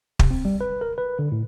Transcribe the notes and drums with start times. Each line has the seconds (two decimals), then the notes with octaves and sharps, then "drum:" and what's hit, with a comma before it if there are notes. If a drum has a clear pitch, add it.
0.19 C3, drum: kick
0.31 C4
0.45 G3
0.61 B4
0.81 A#4
0.98 B4
1.19 D3
1.32 A2